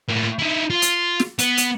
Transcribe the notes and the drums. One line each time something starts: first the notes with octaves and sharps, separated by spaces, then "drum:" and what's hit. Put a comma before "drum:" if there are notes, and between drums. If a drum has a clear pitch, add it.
A2 A#3
D#4 E4
F4
drum: hi-hat
drum: snare
B3, drum: hi-hat
drum: hi-hat